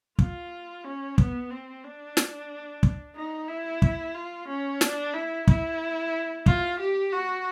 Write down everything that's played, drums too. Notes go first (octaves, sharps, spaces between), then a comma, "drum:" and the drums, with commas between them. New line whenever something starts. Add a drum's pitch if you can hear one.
F4, drum: kick
C#4
B3, drum: kick
C4
D4
drum: snare
drum: kick
D#4
E4
drum: kick
F4
C#4
D4, drum: snare
E4
E4, drum: kick
F4, drum: kick
G4
F#4